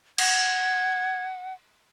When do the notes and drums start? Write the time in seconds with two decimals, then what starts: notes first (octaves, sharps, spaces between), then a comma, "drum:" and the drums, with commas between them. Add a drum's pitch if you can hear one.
0.18 F#5 G#6, drum: cymbal